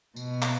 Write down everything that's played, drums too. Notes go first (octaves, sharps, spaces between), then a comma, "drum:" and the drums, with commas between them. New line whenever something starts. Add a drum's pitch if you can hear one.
B2, drum: tambourine
drum: clap